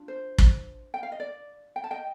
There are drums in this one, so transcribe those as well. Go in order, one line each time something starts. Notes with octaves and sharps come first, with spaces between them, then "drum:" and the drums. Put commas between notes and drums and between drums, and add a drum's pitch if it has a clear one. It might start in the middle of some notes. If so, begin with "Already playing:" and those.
Already playing: D4 F4
C5
drum: kick
G5
F5
D#5
D5
G5
A5
D#5 G5